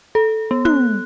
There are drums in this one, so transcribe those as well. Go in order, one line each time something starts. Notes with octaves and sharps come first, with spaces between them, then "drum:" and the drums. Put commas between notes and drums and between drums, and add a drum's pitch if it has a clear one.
A4
B3
F#6, drum: tom